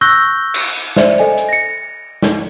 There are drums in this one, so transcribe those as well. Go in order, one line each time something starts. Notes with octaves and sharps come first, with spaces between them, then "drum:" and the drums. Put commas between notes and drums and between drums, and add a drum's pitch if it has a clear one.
C#6 E6 F#6 G6 A#6 G7
drum: cymbal
C5 D5 E5, drum: snare
A4 D#5 G#5
drum: hi-hat
A#6 C#7
drum: snare